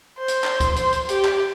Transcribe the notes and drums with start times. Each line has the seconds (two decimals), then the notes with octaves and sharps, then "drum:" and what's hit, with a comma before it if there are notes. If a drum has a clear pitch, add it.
0.19 C5
0.28 drum: hi-hat
0.44 drum: clap
0.60 drum: kick, hi-hat
0.76 C5, drum: hi-hat
0.93 drum: hi-hat
1.09 G4, drum: hi-hat
1.25 drum: clap